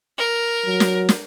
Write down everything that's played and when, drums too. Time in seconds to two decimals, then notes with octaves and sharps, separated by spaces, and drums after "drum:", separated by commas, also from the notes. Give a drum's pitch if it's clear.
0.18 A#4
0.66 F#3
0.80 drum: snare
1.09 drum: snare